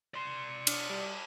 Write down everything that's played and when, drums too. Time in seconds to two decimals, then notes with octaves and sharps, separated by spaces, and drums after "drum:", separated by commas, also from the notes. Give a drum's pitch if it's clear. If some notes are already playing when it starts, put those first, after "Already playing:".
0.14 D5 C6
0.67 D4, drum: cymbal
0.89 G3